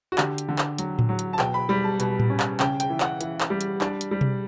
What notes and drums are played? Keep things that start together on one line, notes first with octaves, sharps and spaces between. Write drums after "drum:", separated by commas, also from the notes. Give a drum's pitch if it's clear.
F#4
D3 G4, drum: clap
drum: hi-hat
D3
drum: clap
F#3, drum: hi-hat
drum: tom A2
F#3
drum: hi-hat
A5
B2 G5, drum: clap
B5
G3 B5
A5
B2, drum: hi-hat
drum: tom A2
C#4
drum: clap
C#3 G5, drum: clap
G5, drum: hi-hat
E3
F#5, drum: clap
E3, drum: hi-hat
drum: clap
G3
drum: hi-hat
D4, drum: clap
drum: hi-hat
G3
drum: tom B2